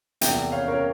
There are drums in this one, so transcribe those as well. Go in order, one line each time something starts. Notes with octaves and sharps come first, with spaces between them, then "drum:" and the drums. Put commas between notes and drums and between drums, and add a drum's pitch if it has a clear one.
E2 C3 F3 A#3 E5 G5, drum: hi-hat
C#5 F5
A#4 C#5